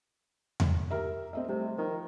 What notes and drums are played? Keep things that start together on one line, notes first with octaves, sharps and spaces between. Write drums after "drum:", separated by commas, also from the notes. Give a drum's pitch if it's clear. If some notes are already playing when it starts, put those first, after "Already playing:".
drum: tom E2
G4 A#4 E5
C4 D#5 E5
C3 G3 A3
D#3 F3